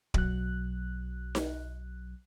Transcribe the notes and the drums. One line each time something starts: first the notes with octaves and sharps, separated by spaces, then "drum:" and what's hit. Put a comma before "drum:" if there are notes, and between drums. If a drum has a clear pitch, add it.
B1 F#3 F#6, drum: kick D1
drum: snare D#4